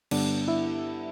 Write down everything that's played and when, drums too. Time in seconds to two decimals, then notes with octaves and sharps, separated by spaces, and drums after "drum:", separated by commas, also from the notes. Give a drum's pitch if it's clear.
0.11 G2 D3 G3 B3 D4 D5, drum: cymbal
0.48 E4 E5